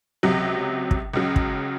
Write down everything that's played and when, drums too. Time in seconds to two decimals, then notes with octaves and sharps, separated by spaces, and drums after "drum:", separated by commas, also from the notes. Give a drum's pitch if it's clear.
0.23 C#2 C3 F#3
0.91 drum: kick
1.14 C#2 C#3 F#3
1.36 drum: kick